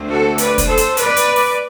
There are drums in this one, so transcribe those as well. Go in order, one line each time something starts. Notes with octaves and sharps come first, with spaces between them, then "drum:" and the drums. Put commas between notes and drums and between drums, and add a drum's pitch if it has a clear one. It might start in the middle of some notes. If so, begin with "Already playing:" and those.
Already playing: D2 D3 A3 C4
F#4 A4
B4 D5, drum: hi-hat
drum: kick, hi-hat
A4 C5
drum: hi-hat
B4 D5, drum: hi-hat
drum: hi-hat
drum: open hi-hat